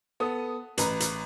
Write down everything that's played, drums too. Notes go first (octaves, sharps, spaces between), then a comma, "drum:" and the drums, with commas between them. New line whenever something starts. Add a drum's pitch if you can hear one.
B3 A4 D#6
A1 B4 A#5, drum: hi-hat
drum: hi-hat